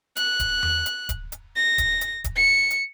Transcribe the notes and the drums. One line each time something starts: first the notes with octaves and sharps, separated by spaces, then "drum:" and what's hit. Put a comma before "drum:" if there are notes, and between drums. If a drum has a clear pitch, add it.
F#6, drum: hi-hat
drum: kick D1, hi-hat
drum: tom E2
drum: hi-hat
drum: kick D1, hi-hat
drum: hi-hat
A#6
drum: kick D1, hi-hat
drum: hi-hat
drum: kick D1, hi-hat
C#7
drum: hi-hat